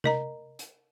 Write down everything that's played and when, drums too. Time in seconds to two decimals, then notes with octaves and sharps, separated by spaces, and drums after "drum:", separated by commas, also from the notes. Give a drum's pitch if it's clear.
0.04 A#4 D#5 A#5, drum: tom C3
0.59 drum: hi-hat